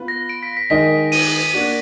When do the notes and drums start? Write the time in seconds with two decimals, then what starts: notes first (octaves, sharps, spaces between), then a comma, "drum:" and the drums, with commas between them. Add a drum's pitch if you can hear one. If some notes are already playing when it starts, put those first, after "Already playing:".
Already playing: B3 F4 B4
0.08 A#6
0.29 D7
0.43 B6
0.57 B6
0.70 D#3 G#3 D#4 A#4 D#5 B6
1.12 D#7, drum: open hi-hat
1.53 A#3 D4 F#4